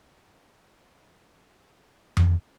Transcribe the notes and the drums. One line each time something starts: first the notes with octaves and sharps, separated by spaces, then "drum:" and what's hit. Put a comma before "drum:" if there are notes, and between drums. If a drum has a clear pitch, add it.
F5 F#5 A#5 B5 C#6
drum: tom F2